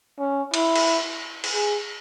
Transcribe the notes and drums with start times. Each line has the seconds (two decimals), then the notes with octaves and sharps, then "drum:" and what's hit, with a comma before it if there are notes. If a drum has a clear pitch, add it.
0.19 C#4
0.54 E4, drum: cymbal
0.76 drum: cymbal
1.44 drum: cymbal
1.54 G#4